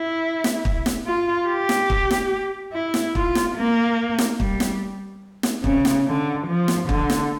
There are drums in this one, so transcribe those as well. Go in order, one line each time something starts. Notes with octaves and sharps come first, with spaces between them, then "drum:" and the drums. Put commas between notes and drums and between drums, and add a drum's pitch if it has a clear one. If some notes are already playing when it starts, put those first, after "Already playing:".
Already playing: E4
drum: snare
drum: kick
drum: snare
F4
G4
drum: snare
drum: kick
drum: snare
E4
drum: snare
F4, drum: kick
drum: snare
A#3
drum: snare
G3, drum: kick
drum: snare
drum: snare
C#3, drum: kick
drum: snare
D3
F3
drum: snare
D3, drum: kick
drum: snare